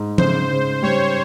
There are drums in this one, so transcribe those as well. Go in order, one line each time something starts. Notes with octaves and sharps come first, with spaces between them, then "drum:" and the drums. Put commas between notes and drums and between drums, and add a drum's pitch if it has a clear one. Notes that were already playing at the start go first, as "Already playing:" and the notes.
Already playing: G#2
C#3 C5, drum: tom
C#3
G3 C#5